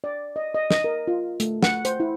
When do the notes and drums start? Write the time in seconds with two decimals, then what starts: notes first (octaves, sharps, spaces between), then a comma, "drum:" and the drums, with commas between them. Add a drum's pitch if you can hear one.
0.04 D5
0.36 D#5
0.54 D#5
0.71 D#5, drum: snare
0.84 A#4
1.08 F4
1.40 A3, drum: hi-hat
1.63 F#5, drum: snare
1.85 C5, drum: hi-hat
2.00 E4